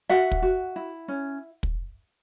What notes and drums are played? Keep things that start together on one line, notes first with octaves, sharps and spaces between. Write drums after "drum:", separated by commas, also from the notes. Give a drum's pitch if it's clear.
F#4 E5 F#5
drum: kick
F#4
E4
C#4
drum: kick